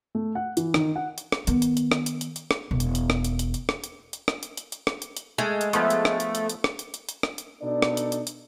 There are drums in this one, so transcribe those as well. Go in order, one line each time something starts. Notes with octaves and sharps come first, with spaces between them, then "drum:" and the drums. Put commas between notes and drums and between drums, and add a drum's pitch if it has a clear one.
A3
F#5
E3, drum: hi-hat
D#3, drum: rim click
F#5
drum: hi-hat
drum: rim click
D#3 B3, drum: hi-hat
drum: hi-hat
drum: hi-hat
drum: rim click
drum: hi-hat
drum: hi-hat
drum: hi-hat
drum: rim click
E1
drum: hi-hat
drum: hi-hat
drum: rim click
drum: hi-hat
drum: hi-hat
drum: hi-hat
drum: rim click
drum: hi-hat
drum: hi-hat
drum: rim click
drum: hi-hat
drum: hi-hat
drum: hi-hat
drum: rim click
drum: hi-hat
drum: hi-hat
G#3 A3
drum: hi-hat
F3 A3 B3, drum: hi-hat
drum: hi-hat
drum: rim click
drum: hi-hat
drum: hi-hat
drum: hi-hat
drum: rim click
drum: hi-hat
drum: hi-hat
drum: hi-hat
drum: rim click
drum: hi-hat
B2 B3 D4 D#4 A4 D5
drum: rim click
drum: hi-hat
drum: hi-hat
drum: hi-hat